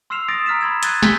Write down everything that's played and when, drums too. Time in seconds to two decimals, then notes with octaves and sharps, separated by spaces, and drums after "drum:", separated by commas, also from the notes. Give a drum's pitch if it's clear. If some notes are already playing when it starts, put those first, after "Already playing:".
0.10 C6 E6 F6 C7 E7 F7
0.29 D#6 E6 A6 A#6 D7
0.46 A#5 E6 F6 B6 D7 E7
0.61 B5 C6 G#6 E7
0.83 F#6 G#6 A6 D#7, drum: hi-hat
1.03 G#5 C6 E6 G6 B6 G7, drum: snare